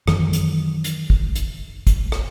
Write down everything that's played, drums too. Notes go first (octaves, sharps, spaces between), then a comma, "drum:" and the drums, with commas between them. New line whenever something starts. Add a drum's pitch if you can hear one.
F#2 D#3 E3, drum: rim click
drum: hi-hat
drum: hi-hat
drum: kick
drum: hi-hat
drum: kick, hi-hat
drum: rim click